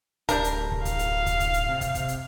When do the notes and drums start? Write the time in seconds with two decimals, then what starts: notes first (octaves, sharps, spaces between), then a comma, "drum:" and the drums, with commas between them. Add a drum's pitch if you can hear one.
0.29 D1 G3 D4 A#4, drum: kick, hi-hat
0.44 drum: hi-hat
0.72 drum: kick
0.85 F5, drum: kick, hi-hat
0.99 drum: hi-hat
1.26 drum: kick, hi-hat
1.40 drum: kick, hi-hat
1.54 drum: hi-hat
1.69 C3
1.81 drum: kick, hi-hat
1.95 drum: kick, hi-hat
2.08 drum: hi-hat